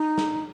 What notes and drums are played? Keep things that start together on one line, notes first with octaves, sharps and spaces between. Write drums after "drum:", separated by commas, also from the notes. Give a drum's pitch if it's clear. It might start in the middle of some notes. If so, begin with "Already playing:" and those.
Already playing: D#4
drum: snare